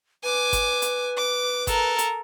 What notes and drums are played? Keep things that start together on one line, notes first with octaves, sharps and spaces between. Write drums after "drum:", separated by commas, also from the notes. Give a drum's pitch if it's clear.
B4 G#5 D6
drum: kick G1, hi-hat
drum: hi-hat
D6
A4 A#4, drum: kick G1, hi-hat
drum: hi-hat